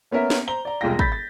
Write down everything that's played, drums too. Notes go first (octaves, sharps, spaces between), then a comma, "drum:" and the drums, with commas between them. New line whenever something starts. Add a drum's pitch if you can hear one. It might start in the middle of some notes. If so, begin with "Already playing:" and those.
A#3 B3 C#4 A#4 E5
drum: snare
C5 A#5 G7
D5 A#5
E1 C2 G#3 F4 G5 A#6
B5 G6 A6 B6, drum: kick
A6